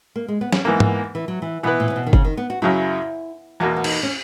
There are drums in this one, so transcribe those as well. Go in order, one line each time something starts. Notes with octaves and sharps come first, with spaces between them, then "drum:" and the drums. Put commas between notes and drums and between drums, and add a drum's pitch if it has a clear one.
A#3
G#3
B3
C#4, drum: snare
G#2 E3 A#3 B3
drum: tom G#2
E3
F#3
E3
B2 E3 B3 E4 B4
A#2
C#3
B2
D#3
C#3, drum: kick F#1
D#3
B3
F#4
F#2 C#3 F#3 E4
E2 B2 A#3 F#4
F#4
D#4, drum: cymbal
C#4